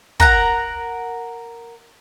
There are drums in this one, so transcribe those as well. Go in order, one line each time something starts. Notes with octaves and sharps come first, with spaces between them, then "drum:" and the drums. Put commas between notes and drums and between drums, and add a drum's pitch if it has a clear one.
A#4 F#5 A#5, drum: kick